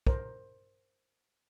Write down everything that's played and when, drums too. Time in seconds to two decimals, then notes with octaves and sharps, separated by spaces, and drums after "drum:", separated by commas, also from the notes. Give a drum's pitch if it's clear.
0.07 A#4 C5, drum: kick